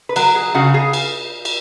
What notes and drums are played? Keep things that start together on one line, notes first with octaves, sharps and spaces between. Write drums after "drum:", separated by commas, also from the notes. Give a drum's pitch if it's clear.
B4
F#3 A#4, drum: cymbal
G#4
C#3 F#4
G#4
drum: cymbal
drum: cymbal